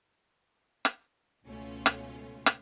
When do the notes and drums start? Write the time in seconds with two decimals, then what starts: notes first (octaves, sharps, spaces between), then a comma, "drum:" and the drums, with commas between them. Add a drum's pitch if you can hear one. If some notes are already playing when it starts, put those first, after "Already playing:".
0.85 drum: rim click
1.45 C#2 B2 A3 C#4 F4
1.86 drum: rim click
2.46 drum: rim click